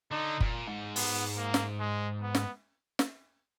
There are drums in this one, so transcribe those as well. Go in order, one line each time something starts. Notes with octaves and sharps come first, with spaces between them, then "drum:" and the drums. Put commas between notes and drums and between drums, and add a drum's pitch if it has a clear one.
D3 D#4
A#2, drum: kick
G#2
B3, drum: open hi-hat
A#3
drum: snare
G#3
B3
drum: snare
drum: snare